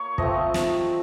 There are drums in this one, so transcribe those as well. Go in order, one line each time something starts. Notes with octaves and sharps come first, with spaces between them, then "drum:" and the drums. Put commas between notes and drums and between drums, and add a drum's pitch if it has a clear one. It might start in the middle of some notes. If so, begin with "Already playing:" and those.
Already playing: A#3 C#5
F3 A3 C4 D#5, drum: kick
drum: snare